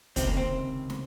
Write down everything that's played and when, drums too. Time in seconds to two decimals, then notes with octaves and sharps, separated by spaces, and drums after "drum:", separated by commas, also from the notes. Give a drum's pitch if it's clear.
0.16 C#2 C3 D#3 C4, drum: kick, hi-hat
0.27 A#3
0.37 C4
0.90 drum: snare